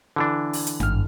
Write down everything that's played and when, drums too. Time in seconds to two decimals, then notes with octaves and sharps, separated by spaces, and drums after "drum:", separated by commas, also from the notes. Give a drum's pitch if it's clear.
0.16 D3 E3 D4
0.53 drum: open hi-hat
0.67 drum: hi-hat
0.80 G#1 F6, drum: tom